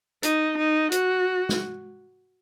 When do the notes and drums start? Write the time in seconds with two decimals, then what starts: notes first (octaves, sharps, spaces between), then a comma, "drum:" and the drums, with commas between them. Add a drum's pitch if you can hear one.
0.23 D#4, drum: hi-hat
0.58 D#4
0.92 F#4, drum: hi-hat
1.49 drum: snare